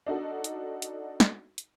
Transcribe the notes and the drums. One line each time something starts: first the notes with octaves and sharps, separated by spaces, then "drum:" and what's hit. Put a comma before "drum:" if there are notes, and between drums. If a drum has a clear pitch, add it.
D4 D#4 F#4 A4
drum: hi-hat
drum: hi-hat
drum: snare
drum: hi-hat